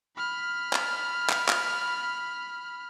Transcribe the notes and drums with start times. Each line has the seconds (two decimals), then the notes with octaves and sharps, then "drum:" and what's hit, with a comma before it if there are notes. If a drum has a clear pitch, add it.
0.17 B5 F6
0.73 drum: clap
1.30 drum: clap
1.48 drum: clap